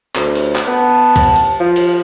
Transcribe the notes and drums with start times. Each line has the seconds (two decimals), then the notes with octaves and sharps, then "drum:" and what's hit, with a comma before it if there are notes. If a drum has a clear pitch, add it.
0.15 D2, drum: clap
0.35 drum: cymbal
0.56 drum: clap
0.68 B3 A5
1.16 drum: kick C2, cymbal
1.36 drum: cymbal
1.60 F3
1.76 drum: cymbal